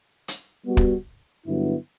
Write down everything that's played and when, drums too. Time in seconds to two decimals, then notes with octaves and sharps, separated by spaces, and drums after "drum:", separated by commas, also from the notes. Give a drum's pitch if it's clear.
0.28 drum: hi-hat
0.66 G3 B3 F#4
0.77 drum: kick
1.47 G2 D3 F#3 B3 E4